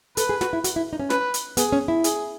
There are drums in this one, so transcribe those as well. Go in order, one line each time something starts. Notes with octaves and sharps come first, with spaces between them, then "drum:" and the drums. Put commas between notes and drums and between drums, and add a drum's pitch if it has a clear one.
A4 B4, drum: hi-hat
G#4
F#4, drum: snare
E4
F#4, drum: hi-hat
E4
D#4
C#4
B4, drum: snare
drum: hi-hat
B3 G#4, drum: hi-hat
C#4
E4
G#4, drum: hi-hat